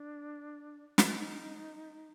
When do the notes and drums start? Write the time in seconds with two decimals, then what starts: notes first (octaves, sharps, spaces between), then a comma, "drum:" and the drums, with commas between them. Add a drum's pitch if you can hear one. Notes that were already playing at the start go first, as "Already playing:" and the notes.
Already playing: D4
0.98 D#4, drum: snare